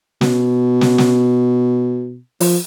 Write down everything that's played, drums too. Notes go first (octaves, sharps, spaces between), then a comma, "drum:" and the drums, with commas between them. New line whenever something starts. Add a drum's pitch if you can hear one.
B2, drum: snare
drum: snare
drum: snare
F3, drum: open hi-hat